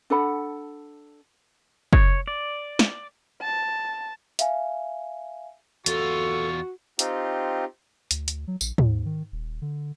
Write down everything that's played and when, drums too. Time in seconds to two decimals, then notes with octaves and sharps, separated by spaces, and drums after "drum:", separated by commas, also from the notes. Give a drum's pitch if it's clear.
0.10 D4 A4 F#5 B5
1.93 C#5, drum: kick
2.28 D5
2.79 drum: snare
3.42 A5
4.39 E5 F5 G#5, drum: hi-hat
5.86 E2 F4 F#4 A4 C#6, drum: hi-hat
6.99 C4 D#4 F4 G4, drum: hi-hat
8.11 D2, drum: hi-hat
8.28 drum: hi-hat
8.47 F#3
8.61 A#1, drum: tambourine
8.78 D#2, drum: tom
9.05 D#3
9.32 D#1
9.62 D3